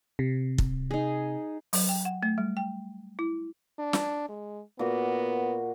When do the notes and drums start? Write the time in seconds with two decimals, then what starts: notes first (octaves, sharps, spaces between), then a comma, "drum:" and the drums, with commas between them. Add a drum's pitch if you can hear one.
0.19 C3
0.58 drum: kick
0.91 D#4 G#4
1.73 F#3, drum: open hi-hat
1.89 G5
2.05 F#5
2.23 A3
2.38 G3
2.57 G5
3.19 E4
3.79 D4
3.93 drum: snare
4.29 G#3
4.79 A#2 B3 F#4